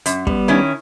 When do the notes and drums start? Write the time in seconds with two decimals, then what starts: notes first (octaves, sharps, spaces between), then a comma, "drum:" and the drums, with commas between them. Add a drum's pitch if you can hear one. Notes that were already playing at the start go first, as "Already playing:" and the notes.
0.06 F#2, drum: hi-hat
0.27 G3 B3, drum: kick
0.48 D#3 C#4 E4